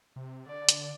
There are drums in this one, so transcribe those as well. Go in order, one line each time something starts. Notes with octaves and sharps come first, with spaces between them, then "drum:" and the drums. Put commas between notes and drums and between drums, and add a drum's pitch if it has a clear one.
C3
D3 D5
drum: hi-hat